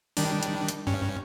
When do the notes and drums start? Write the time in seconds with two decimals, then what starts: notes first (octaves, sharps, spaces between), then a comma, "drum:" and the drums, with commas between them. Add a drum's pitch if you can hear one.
0.17 D#3 G3 D4, drum: open hi-hat
0.43 drum: hi-hat
0.68 drum: hi-hat
0.87 G2 C#4